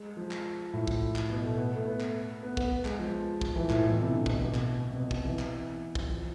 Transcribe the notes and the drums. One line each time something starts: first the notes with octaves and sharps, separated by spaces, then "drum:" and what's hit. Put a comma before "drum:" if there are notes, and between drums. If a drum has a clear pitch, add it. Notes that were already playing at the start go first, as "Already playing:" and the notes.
Already playing: G#3
F3
drum: clap
A2
drum: kick
drum: clap
B2
A3
B3
A3
B3
drum: clap
B3
B3, drum: kick
G#3, drum: clap
F3
drum: kick
E3
A2, drum: clap
B2
C3
D3
B2, drum: kick
A2
B2
drum: clap
C3
B2
C3, drum: kick
E3
drum: clap
drum: kick
F3